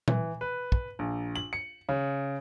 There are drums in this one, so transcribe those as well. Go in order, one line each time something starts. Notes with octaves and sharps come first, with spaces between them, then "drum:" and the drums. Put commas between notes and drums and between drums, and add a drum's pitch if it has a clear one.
E3, drum: tom A#2
B4
drum: kick
A#1
F#7
C#7
C#3